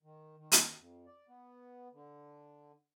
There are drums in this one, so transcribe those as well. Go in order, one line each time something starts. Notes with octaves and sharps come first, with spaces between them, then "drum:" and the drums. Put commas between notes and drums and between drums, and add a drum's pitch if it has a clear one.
D#3
D#3
drum: hi-hat
F2
D5
B3
D3